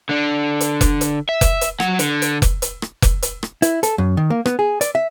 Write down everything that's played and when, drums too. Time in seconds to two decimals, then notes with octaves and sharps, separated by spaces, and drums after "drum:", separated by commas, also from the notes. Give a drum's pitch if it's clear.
0.09 D3 D4
0.61 drum: hi-hat
0.81 drum: kick F1, hi-hat
1.01 drum: hi-hat
1.29 E5
1.41 drum: kick F1, hi-hat
1.61 drum: hi-hat
1.80 F#3 F#5, drum: rim click
1.99 D3, drum: hi-hat
2.22 drum: hi-hat
2.42 drum: kick F1, hi-hat
2.62 drum: hi-hat
2.82 drum: rim click
3.02 drum: kick F1, hi-hat
3.22 drum: hi-hat
3.43 drum: rim click
3.62 E4, drum: hi-hat
3.83 A4, drum: hi-hat
3.98 F#2
4.17 D#3
4.30 A#3
4.46 B3, drum: rim click
4.59 G#4
4.81 D5, drum: hi-hat
4.95 E5